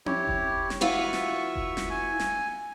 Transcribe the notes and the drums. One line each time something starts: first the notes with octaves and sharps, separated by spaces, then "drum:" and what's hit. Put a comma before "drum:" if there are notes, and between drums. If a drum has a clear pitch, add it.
E4 G4 C#5, drum: tom C4
drum: kick F1
drum: snare
E3 F4 F#4 E5 C#6
drum: snare
drum: kick F1
drum: snare
G#5
drum: snare